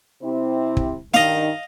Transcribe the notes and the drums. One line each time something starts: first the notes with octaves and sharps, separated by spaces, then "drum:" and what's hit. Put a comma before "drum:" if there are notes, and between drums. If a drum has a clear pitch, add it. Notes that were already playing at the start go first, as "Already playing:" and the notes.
C3 C4 E4
drum: kick
G2 D#3 D#4 D#5 F5, drum: snare